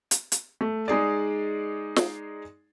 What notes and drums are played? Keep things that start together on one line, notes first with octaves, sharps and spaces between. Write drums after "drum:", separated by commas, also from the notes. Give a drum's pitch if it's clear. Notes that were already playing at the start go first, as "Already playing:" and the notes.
drum: hi-hat
drum: hi-hat
A3
G#3 D#4 G#4 D5
drum: snare